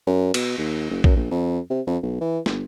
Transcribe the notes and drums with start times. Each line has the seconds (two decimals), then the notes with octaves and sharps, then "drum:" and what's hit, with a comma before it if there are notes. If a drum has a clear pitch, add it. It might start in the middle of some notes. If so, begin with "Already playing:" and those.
0.07 F#2
0.34 B2, drum: cymbal
0.58 D#2
0.90 F#1
1.04 F#2, drum: kick
1.16 A#1
1.31 F2
1.70 C3
1.87 F2
2.03 B1
2.21 E3
2.46 G1, drum: snare